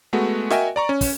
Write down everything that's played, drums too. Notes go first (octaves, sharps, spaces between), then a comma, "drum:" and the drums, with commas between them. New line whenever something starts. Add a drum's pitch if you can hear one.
G#3 A3 B3 F#4
F#4 A#4 D#5 E5 G5 G#5, drum: snare
D5 A#5 C#6
C#4
drum: kick, open hi-hat